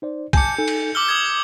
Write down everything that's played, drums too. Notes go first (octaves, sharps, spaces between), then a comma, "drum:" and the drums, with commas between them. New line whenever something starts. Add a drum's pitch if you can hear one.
D#4 C5 D5
G#5 A5 D6 G6 C#7, drum: kick, cymbal
D#4 A4 G#5
drum: cymbal
D6 E6 F6 G7
D#6 G#6